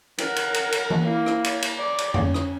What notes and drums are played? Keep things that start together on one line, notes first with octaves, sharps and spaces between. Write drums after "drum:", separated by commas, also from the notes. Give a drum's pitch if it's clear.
A#4 F#5, drum: cymbal
drum: cymbal
drum: cymbal
drum: cymbal
drum: tom E3
A#3 E4
drum: rim click
drum: cymbal
drum: cymbal
D5
drum: cymbal
C#4, drum: tom F2
drum: rim click